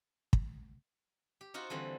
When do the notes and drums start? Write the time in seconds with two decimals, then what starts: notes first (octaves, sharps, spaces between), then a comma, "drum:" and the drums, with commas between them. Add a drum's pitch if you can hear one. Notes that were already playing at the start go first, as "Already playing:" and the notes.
0.33 drum: kick
1.41 G4
1.54 D#4 F4 F#4 C5 F#5
1.70 D3 E3 G3 C4